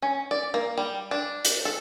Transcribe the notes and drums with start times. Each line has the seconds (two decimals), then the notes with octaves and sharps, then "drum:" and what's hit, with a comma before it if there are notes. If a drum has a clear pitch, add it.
0.02 C#4
0.31 D5
0.54 A#3
0.78 G3
1.11 D4
1.45 drum: hi-hat
1.65 A4